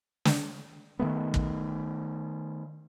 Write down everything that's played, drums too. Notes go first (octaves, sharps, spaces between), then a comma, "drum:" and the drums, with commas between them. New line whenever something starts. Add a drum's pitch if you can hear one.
drum: snare
D#3 E3 A3 B3
drum: kick